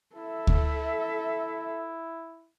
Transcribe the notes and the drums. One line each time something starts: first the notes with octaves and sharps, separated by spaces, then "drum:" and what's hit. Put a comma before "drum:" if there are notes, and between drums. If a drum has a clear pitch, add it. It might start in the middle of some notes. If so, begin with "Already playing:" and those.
E4 A4 E5
drum: kick D2